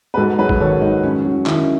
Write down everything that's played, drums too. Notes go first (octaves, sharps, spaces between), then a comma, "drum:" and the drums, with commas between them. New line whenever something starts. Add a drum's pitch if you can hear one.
B4
G#2 F#4 A4
F#3 G#4 B4
drum: kick
D#3 A4 C#5
G#2 D#4
G#2 C#4
F#3
D#3 C#4 E4, drum: clap